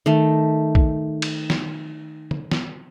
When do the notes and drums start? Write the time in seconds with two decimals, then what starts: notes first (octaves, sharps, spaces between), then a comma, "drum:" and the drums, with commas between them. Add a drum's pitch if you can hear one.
0.06 D#3 A3
0.75 drum: kick
1.22 drum: cymbal
1.50 drum: snare
2.31 drum: tom
2.52 drum: snare